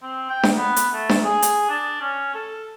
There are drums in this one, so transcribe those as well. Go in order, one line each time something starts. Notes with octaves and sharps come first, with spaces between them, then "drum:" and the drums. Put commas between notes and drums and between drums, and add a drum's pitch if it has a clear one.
C4
G5
drum: snare D4
B3
drum: hi-hat
A3
drum: snare D4
G#4
drum: hi-hat
D4
C#4
A4